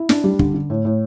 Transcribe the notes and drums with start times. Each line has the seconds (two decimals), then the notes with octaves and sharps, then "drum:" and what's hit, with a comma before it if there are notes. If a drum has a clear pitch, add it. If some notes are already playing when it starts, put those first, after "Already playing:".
Already playing: E4
0.09 D4, drum: snare
0.24 G3
0.39 D3, drum: kick
0.54 D3
0.70 A2
0.85 A2